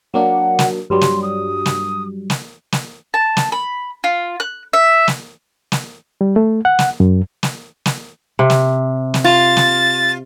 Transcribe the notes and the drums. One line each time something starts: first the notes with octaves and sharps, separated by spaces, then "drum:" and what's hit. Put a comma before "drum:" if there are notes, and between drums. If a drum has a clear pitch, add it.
F#3 A#3 D4 F#5
drum: snare
G2 F#3 G3 C6
drum: snare
D#6
drum: snare
drum: snare
drum: snare
A5
drum: snare
B5
F4
F#6
E5
drum: snare
drum: snare
G3
A3
F#5
drum: snare
F#2
drum: snare
drum: snare
C3
drum: snare
drum: snare
F4 A6
drum: snare